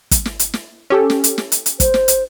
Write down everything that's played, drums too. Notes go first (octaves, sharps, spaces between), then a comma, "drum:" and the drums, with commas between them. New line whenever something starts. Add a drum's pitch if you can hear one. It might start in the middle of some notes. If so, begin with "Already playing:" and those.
drum: kick, hi-hat
drum: snare
drum: hi-hat
drum: snare
C#4 G4 A4
drum: snare
drum: hi-hat
drum: snare
drum: hi-hat
drum: hi-hat
C5, drum: kick, hi-hat
drum: snare
drum: hi-hat